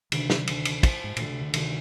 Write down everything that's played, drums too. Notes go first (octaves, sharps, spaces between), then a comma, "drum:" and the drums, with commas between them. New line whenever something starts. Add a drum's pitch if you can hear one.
D2 C3 D#3, drum: cymbal
drum: snare
D2, drum: cymbal
drum: cymbal
F3, drum: kick, cymbal
G#2
D2 A#2, drum: cymbal
C3
D3
D2 C3 D#3, drum: cymbal